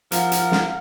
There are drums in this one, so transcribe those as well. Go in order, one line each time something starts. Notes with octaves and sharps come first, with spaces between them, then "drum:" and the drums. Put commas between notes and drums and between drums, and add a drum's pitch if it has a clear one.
F3 A#4 F5 F#5, drum: hi-hat
drum: hi-hat
drum: snare